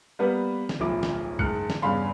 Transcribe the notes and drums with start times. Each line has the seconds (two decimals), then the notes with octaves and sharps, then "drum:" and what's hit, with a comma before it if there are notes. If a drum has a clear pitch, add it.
0.19 G3 A#3 B3 B4
0.69 drum: snare
0.80 D1 B1 F3 E4 D6
1.03 drum: snare
1.39 F#1 G#2 F6 F#6 C#7, drum: kick
1.70 drum: snare
1.82 E2 G2 C#3 F5 B5 C6